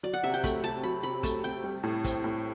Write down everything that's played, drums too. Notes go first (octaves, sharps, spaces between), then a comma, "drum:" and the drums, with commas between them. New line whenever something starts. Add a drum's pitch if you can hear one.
F#3 D5
F#5
C3 E5
G5
A3 B5, drum: kick, hi-hat
C3 A5
F#3 B5
C3 B5
A3 A5, drum: kick, hi-hat
C3 G5
G3
A2
C4, drum: kick, hi-hat
A2